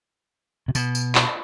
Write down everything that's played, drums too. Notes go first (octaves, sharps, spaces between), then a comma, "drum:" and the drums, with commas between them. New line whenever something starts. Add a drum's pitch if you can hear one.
C3
B2, drum: tambourine
drum: tambourine
drum: clap